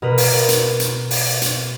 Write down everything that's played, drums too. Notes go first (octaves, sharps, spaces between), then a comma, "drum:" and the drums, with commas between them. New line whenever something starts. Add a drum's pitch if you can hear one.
B2 A#4 B4
drum: open hi-hat
drum: hi-hat
drum: hi-hat
drum: open hi-hat
drum: hi-hat